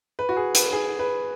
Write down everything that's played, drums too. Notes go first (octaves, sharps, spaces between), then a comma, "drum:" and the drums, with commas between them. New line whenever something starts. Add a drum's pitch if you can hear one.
B4
F#4
G#4
B4, drum: hi-hat
G#4
B4